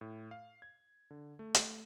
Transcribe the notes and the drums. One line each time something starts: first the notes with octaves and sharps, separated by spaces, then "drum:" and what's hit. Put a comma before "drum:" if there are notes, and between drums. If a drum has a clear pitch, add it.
A2
F5
G#6
D3
A3
drum: hi-hat